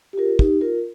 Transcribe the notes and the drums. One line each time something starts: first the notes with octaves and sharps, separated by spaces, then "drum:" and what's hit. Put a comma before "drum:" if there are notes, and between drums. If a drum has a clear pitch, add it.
G4
F4 A#4
D#4 G4, drum: kick
F4 A#4